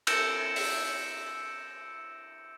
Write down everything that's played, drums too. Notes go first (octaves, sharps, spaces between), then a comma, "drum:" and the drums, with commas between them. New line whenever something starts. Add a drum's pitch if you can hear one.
E6 G6 A#6 C#7 D7 E7, drum: cymbal
drum: open hi-hat